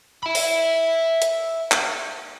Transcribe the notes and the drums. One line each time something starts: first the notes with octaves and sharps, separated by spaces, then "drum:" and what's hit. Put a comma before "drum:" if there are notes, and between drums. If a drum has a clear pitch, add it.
E5 B5
drum: open hi-hat
drum: hi-hat
drum: clap